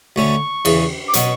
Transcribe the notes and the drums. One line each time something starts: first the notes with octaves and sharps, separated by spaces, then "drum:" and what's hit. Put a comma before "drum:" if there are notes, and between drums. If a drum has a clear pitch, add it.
D2 D3 A3 C#4 C#6
E2 C#3 E3, drum: cymbal
D6
B2 F#3 B3 C#6, drum: hi-hat